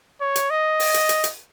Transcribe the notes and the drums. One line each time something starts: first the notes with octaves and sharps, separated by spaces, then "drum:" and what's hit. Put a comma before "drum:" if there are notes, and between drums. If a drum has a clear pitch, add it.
C#5
drum: hi-hat
D#5
drum: open hi-hat
drum: hi-hat
drum: hi-hat
drum: hi-hat